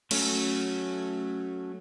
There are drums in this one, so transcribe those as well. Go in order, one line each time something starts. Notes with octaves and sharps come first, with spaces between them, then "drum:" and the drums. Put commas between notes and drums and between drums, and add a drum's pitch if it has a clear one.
F#3 A3 C#4, drum: cymbal